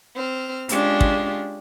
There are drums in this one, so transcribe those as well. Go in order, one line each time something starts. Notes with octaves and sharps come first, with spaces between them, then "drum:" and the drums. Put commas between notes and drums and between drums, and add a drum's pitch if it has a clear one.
C4 F6
G#3 C#4 D4 F4 G4, drum: hi-hat
drum: kick